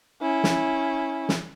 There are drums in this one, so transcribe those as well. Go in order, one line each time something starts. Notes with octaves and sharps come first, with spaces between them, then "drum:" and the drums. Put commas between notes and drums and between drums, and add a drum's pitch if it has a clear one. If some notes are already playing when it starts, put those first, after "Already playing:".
C#4 E4
drum: snare
drum: snare